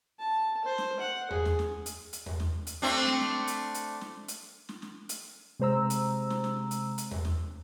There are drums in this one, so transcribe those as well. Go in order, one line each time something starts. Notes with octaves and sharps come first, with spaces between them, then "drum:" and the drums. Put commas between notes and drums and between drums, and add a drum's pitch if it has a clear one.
A5
C5
drum: snare
F#5
G#4, drum: tom E2
drum: snare
drum: snare
drum: hi-hat
drum: hi-hat
drum: tom E2
drum: snare
drum: hi-hat
A3 C4 D4
drum: snare
drum: snare
drum: hi-hat
drum: hi-hat
drum: snare
drum: hi-hat
drum: snare
drum: snare
drum: hi-hat
C3 G#3 C5 A#5 E6
drum: hi-hat
drum: snare
drum: snare
drum: hi-hat
drum: hi-hat
drum: tom E2
drum: snare